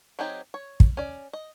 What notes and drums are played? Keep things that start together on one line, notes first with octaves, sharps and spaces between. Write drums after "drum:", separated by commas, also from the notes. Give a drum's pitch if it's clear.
F#3 C4 D#4 G4 G#4
C#5
drum: kick
C#4 D5
D#5